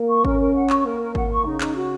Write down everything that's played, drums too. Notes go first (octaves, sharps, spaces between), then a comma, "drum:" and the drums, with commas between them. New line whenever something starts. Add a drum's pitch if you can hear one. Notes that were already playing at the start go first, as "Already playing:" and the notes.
Already playing: A#3
C#6
C#4 A#4, drum: kick G#1
A#4
F#5
C#6, drum: clap
A#3 A#4
A#4
F#5, drum: kick G#1
C#6
C#3 D#4
D#4, drum: clap
F#4